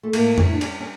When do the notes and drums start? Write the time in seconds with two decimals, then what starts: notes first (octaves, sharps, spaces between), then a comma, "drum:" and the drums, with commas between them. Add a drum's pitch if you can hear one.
0.03 A3
0.13 A2 A#3, drum: cymbal
0.38 C#4, drum: tom F2
0.45 E4
0.53 D4
0.61 G3 C#4, drum: cymbal
0.80 C#4